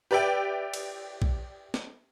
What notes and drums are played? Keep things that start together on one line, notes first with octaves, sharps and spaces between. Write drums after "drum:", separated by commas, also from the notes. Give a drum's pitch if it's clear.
G4 B4 D5 E5 G5
drum: cymbal
drum: kick
drum: snare